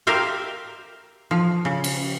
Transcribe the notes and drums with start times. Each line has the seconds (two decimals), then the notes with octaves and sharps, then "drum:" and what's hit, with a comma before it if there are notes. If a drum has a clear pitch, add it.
0.07 G4 A#4 C5 E5 F5 G5
1.31 F3
1.65 C#3
1.84 drum: cymbal